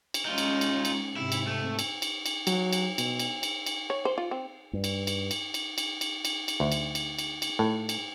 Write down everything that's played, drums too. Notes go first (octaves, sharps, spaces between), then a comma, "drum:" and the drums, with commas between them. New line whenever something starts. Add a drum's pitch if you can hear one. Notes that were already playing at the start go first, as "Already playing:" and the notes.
drum: cymbal
G#3 C#4 D#4 F4
drum: cymbal
drum: cymbal
drum: cymbal
G#2 C3 E4
drum: cymbal
A3
drum: cymbal
drum: cymbal
drum: cymbal
F#3, drum: cymbal
drum: cymbal
B2, drum: cymbal
drum: cymbal
drum: cymbal
drum: cymbal
C#5
C5
F4
C4
G2
drum: cymbal
drum: cymbal
drum: cymbal
drum: cymbal
drum: cymbal
drum: cymbal
drum: cymbal
drum: cymbal
D2
drum: cymbal
drum: cymbal
drum: cymbal
drum: cymbal
A2
drum: cymbal